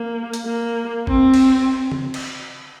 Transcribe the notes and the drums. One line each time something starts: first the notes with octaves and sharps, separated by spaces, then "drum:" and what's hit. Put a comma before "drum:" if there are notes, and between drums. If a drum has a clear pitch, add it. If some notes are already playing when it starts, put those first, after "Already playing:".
Already playing: A#3
drum: hi-hat
A#3
C4, drum: kick
drum: cymbal
drum: tom C#3
drum: cymbal